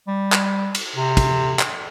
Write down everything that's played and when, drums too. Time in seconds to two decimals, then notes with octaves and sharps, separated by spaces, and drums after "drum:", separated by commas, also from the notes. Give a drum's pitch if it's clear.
0.07 G3
0.32 drum: clap
0.75 drum: cymbal
0.96 C3
1.17 drum: kick, cymbal
1.59 drum: clap